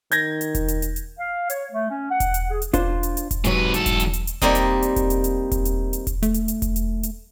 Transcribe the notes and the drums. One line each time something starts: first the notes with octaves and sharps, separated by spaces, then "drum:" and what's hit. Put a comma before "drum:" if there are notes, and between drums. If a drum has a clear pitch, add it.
D#3 G6 G#6 A#6, drum: hi-hat
drum: hi-hat
drum: kick E1, hi-hat
drum: hi-hat
drum: hi-hat
drum: hi-hat
F5
C#5, drum: hi-hat
A3
C#4
F#5
drum: kick E1, hi-hat
drum: hi-hat
G#4
drum: hi-hat
D4 F4 C5, drum: kick E1, hi-hat
drum: hi-hat
drum: hi-hat
drum: kick E1, hi-hat
G#2 C3 F#3 B4, drum: hi-hat
E2 A4, drum: hi-hat
drum: kick E1, hi-hat
drum: hi-hat
drum: hi-hat
drum: hi-hat
G3 A#3 C4 D#4, drum: kick E1, hi-hat
drum: hi-hat
drum: hi-hat
drum: kick E1, hi-hat
drum: hi-hat
drum: hi-hat
drum: kick E1, hi-hat
drum: hi-hat
drum: hi-hat
drum: kick E1, hi-hat
A3, drum: hi-hat
drum: hi-hat
drum: hi-hat
drum: kick E1, hi-hat
drum: hi-hat
drum: hi-hat